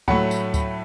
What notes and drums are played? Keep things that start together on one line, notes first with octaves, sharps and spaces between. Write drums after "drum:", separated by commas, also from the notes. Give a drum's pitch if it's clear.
A2 F#3 A3 F#5 B5, drum: kick D2
drum: tambourine
drum: kick D2, tambourine